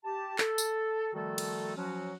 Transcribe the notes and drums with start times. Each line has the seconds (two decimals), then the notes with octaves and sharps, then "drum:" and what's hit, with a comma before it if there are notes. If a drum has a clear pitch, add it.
0.04 G4 A5
0.38 A4, drum: clap
0.58 drum: tambourine
1.14 D#3 F3 G3 A3 F#4 A4
1.38 drum: cymbal
1.76 F3 F#3 C#4 F#4